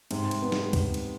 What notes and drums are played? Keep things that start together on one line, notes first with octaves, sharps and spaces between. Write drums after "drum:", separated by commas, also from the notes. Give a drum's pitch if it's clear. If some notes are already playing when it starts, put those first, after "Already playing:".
G#2 C3, drum: cymbal
drum: cymbal
B3
drum: snare
drum: kick C#2, cymbal
drum: cymbal